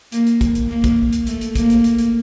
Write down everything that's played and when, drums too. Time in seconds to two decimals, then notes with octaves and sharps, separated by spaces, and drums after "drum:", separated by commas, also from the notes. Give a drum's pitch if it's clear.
0.12 A#3, drum: hi-hat
0.27 drum: hi-hat
0.41 drum: kick, hi-hat
0.55 drum: hi-hat
0.69 A#3
0.84 drum: kick, hi-hat
1.13 drum: hi-hat
1.27 A3, drum: hi-hat
1.41 drum: hi-hat
1.55 A#3, drum: kick, hi-hat
1.70 drum: hi-hat
1.84 drum: hi-hat
1.99 drum: hi-hat